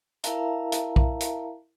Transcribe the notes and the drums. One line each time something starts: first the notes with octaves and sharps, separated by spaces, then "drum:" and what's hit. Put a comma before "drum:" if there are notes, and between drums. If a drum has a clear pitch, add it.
E4 A#4 E5 F5 A5 A#5, drum: hi-hat
drum: hi-hat
drum: kick
drum: hi-hat